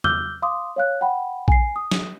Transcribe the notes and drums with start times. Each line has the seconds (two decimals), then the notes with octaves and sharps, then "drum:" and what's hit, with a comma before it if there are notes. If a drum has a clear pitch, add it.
0.04 D6 E6 F6 G6 G7, drum: tom E2
0.42 F5 C6 D6 D#6
0.76 C#5 F5 F#6
1.01 F#5 G5 B5
1.48 G#5 C7, drum: kick A#1
1.76 D#6
1.91 drum: snare